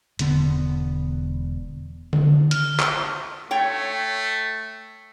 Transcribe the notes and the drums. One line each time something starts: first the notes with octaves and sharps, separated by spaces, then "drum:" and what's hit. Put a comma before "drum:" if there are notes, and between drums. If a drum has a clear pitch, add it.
E1 D3 B3, drum: hi-hat
drum: tom D3
F6, drum: hi-hat
drum: clap
A3 C#5 G5